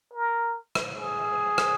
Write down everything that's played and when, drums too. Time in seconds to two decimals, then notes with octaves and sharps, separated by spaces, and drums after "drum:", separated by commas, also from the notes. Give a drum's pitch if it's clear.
0.13 A#4
0.75 drum: rim click
0.96 G#4
1.58 drum: rim click